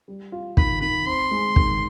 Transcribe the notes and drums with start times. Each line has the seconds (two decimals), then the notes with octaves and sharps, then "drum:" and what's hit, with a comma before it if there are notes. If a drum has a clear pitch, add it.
0.08 G3
0.32 F4
0.57 D#3 B5, drum: kick
0.81 D#3 B5
1.06 C4 C6
1.31 G#3
1.56 D#3, drum: kick